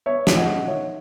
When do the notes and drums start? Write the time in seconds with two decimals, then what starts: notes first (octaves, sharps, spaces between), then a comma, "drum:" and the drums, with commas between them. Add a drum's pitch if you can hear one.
0.06 B3 C#5 E5
0.27 G#3, drum: snare
0.36 D#5 F#5
0.47 B2
0.67 D#3 C#5 E5